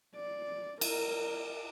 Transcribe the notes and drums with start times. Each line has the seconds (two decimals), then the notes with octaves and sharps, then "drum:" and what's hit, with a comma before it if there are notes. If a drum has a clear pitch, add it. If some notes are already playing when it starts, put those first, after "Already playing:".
0.16 D5
0.81 A#4, drum: cymbal